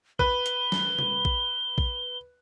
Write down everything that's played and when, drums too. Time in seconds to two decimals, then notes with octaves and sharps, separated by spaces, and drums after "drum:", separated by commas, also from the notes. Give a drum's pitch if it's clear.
0.19 B4 G7, drum: kick A#1
0.46 drum: hi-hat
0.72 drum: snare
0.99 drum: tom
1.25 drum: kick A#1
1.78 drum: kick A#1